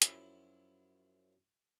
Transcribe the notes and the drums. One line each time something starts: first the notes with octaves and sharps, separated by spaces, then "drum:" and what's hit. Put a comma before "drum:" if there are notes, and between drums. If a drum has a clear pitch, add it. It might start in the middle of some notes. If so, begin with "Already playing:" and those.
F#2 F3 F#3 E4, drum: hi-hat